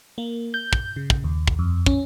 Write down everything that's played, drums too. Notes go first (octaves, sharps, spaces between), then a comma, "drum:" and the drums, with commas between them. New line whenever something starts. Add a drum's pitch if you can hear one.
A#3
G6
drum: kick
C#3
drum: kick
D#2
drum: kick
F2
C#4, drum: kick